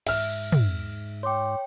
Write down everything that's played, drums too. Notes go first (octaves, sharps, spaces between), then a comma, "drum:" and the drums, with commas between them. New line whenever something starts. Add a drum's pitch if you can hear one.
G#2 E5 F6, drum: cymbal
drum: tom
C#5 G5 C6 D6